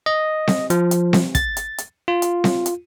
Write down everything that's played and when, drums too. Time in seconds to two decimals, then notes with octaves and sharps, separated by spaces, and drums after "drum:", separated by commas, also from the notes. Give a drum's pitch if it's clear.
0.06 D#5
0.48 drum: snare C4
0.70 F3, drum: hi-hat
0.91 drum: hi-hat
1.13 drum: snare C4
1.35 A6, drum: kick, hi-hat
1.57 drum: hi-hat
1.78 drum: hi-hat
2.08 F4
2.22 drum: hi-hat
2.44 drum: snare C4
2.66 drum: hi-hat